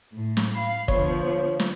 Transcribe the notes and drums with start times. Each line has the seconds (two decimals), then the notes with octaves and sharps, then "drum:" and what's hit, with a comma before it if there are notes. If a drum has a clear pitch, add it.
0.12 A2
0.37 drum: snare
0.54 F5 B5
0.88 D3 F3 B3 C#5, drum: kick
1.60 drum: snare